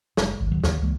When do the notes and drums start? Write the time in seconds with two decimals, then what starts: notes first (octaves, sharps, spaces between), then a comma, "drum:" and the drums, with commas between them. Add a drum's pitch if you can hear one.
0.17 F#1 G#3, drum: snare
0.39 D1 G#1
0.51 D1 D#3 F#3
0.64 D#2 D3, drum: snare
0.82 C#2 E3 G#3 A#3